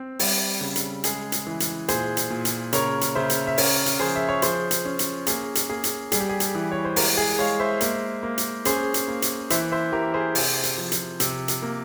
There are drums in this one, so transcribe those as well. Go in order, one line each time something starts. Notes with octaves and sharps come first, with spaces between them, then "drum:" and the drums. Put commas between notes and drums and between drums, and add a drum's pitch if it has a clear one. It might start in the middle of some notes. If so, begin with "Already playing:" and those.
Already playing: C4
G3, drum: open hi-hat
C#3
drum: hi-hat
G#3 G#4, drum: hi-hat
drum: hi-hat
E3
drum: hi-hat
A#2 G#4 C5, drum: hi-hat
drum: hi-hat
A#2
drum: hi-hat
C#3 A#4 C#5, drum: hi-hat
drum: hi-hat
C#3 C5 E5
drum: hi-hat
E5
C#4 A#4 C#5, drum: open hi-hat
drum: hi-hat
F3 G#4 C5
E5
C#5
F3 G#4 C5, drum: hi-hat
drum: hi-hat
C#4
drum: hi-hat
A#3 G#4, drum: hi-hat
drum: hi-hat
A#3 G#4
drum: hi-hat
G3 G#4, drum: hi-hat
G4
G#4
drum: hi-hat
E3
C#5
C5
G#3 G4 A#4, drum: open hi-hat
G#4
G#3 C#5 F5
C5 E5
A#3, drum: hi-hat
A#3
drum: hi-hat
C#4 G#4 C5, drum: hi-hat
drum: hi-hat
A#3
drum: hi-hat
E3 C5 E5, drum: hi-hat
C5 E5
E3 G4 A#4
G#4 C5
C3, drum: open hi-hat
drum: hi-hat
F3
drum: hi-hat
C3, drum: hi-hat
drum: hi-hat
A#3